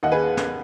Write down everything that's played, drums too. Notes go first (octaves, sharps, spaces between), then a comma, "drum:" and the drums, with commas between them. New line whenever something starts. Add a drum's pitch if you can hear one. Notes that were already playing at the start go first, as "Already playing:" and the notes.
D#2 D#5 F#5
G#4 B4
drum: snare